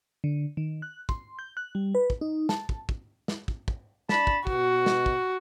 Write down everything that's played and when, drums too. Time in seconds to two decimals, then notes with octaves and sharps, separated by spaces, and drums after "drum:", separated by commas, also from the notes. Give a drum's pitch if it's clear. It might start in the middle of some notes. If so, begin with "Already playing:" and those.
0.24 D3
0.57 D#3
0.82 F#6
1.09 C6, drum: kick
1.39 G6
1.57 F#6
1.75 G3
1.95 B4
2.10 drum: kick
2.21 D#4
2.49 A5, drum: snare
2.69 drum: kick
2.89 drum: kick
3.28 drum: snare
3.48 drum: kick
3.68 drum: kick
4.09 D4 A5 B5, drum: snare
4.27 drum: kick
4.47 B2 F#4, drum: kick
4.86 drum: snare
5.06 drum: kick